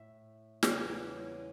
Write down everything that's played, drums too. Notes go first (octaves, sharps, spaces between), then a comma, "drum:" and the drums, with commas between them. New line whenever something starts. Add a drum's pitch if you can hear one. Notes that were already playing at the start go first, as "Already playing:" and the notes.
Already playing: A2 E5
E2 C#3 E3 G3 C#4, drum: snare